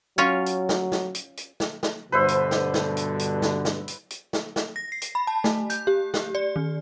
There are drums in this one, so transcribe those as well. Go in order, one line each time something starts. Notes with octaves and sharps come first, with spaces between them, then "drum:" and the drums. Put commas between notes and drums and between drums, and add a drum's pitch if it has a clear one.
F#3 C#4 F4 C#5
drum: hi-hat
drum: snare
drum: snare
drum: hi-hat
drum: hi-hat
drum: snare
drum: snare
G2 B2 D3 B4 C5 E5
drum: hi-hat
drum: snare
drum: snare
drum: hi-hat
drum: hi-hat
drum: snare
drum: snare
drum: hi-hat
drum: hi-hat
drum: snare
drum: snare
A#6
C7
drum: hi-hat
B5
A5
A3, drum: snare
G6, drum: hi-hat
G4
G4, drum: snare
D5
D#3